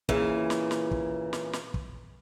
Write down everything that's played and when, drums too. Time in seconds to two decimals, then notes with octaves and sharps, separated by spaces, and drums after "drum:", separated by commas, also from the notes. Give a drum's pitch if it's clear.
0.09 A#2 C#3 E3, drum: kick
0.50 drum: snare
0.71 drum: snare
0.91 drum: kick
1.33 drum: snare
1.53 drum: snare
1.74 drum: kick